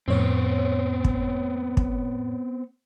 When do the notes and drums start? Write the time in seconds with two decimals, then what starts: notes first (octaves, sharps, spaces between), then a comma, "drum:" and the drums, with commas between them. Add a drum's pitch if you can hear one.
0.08 F2 A2 B3 C4 C#5
1.04 drum: kick
1.77 drum: kick